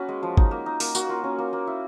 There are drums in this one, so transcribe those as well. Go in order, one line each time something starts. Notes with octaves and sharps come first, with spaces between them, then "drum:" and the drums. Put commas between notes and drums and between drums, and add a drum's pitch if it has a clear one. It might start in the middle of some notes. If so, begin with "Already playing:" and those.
Already playing: A#3 C#4 F#4 B4
G#3
F3
D#4, drum: kick G1
A#3
D#4
A#3, drum: open hi-hat
A#3 F#4, drum: tambourine
F4
C#4
A#3
A#3
E4